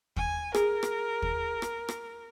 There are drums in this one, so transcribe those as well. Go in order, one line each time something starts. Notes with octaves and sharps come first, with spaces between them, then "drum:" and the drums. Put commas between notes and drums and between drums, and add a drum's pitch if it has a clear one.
G#5, drum: kick
G#4 A#4, drum: rim click
drum: rim click
drum: kick
drum: rim click
drum: rim click